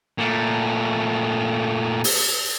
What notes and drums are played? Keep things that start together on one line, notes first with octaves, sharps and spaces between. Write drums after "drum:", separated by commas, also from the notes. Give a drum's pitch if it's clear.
A#2 A3
drum: open hi-hat